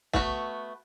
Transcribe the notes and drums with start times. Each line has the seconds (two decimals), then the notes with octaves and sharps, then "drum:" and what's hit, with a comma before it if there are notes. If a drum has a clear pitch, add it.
0.13 A3 B3 F#4, drum: kick